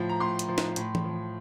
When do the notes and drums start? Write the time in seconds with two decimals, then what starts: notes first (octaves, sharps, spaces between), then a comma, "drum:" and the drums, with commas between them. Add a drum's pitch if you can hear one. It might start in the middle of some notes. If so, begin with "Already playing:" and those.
Already playing: A2 F3
0.09 A#5
0.20 A2 C6
0.39 drum: hi-hat
0.49 F3
0.58 drum: snare
0.76 A2, drum: hi-hat
0.95 drum: tom E3
1.04 F3